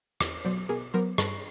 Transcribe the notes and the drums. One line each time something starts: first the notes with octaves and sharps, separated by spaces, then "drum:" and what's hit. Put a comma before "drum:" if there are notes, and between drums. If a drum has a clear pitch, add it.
E2, drum: rim click
B2 F#3 C5 D5
B2 G#4 A#4
F#3 B3 A#4 C5
G2 A4 B4, drum: rim click